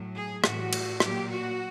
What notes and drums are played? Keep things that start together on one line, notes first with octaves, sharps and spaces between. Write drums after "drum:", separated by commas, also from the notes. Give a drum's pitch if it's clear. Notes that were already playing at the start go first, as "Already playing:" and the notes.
Already playing: A2 F#3
G#4
A2 E3 G3 F#4, drum: rim click
drum: cymbal
A#2 F#3 G4, drum: rim click
F#4